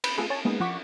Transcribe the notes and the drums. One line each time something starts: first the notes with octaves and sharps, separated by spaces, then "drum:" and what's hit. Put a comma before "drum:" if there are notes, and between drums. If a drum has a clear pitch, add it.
B4 G6, drum: cymbal
A3 B3 F4 G#4 A4 B4
C#5 G#5 A5
G#3 A#3 B3 C#4 D#4 G#4
F3 F#5 C#6 D6 B6